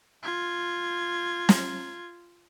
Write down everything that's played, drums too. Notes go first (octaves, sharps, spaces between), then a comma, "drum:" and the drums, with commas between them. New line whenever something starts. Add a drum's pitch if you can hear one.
F4 G#6
drum: snare